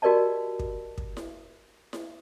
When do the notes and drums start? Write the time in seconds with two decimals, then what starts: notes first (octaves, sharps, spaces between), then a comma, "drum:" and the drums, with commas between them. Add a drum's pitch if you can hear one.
0.02 F#4 G4 A#4 D5 D#5 A5
0.59 drum: kick
0.98 drum: kick
1.17 drum: snare E4
1.93 drum: snare E4